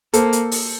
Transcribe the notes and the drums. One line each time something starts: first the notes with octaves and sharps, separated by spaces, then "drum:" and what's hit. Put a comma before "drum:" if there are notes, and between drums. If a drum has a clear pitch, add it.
A#3 A4 C5, drum: hi-hat
drum: hi-hat
drum: open hi-hat